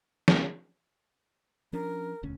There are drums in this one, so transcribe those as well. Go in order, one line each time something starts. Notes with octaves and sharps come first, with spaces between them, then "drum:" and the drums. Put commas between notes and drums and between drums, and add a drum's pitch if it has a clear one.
drum: snare
F3 C#4 D4 A#4
E1 D2 C#4